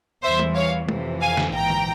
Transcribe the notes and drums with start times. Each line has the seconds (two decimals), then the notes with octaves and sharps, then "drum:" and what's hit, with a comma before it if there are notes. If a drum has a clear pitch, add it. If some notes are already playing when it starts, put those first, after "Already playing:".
0.22 E2 E3 G3 C5 E5
0.39 drum: tom
0.55 C#5 F5
0.89 F2 C3 E3, drum: tom
1.21 F5 G#5
1.37 drum: snare
1.53 A#1 G#2 E3 G5 A#5
1.70 drum: tom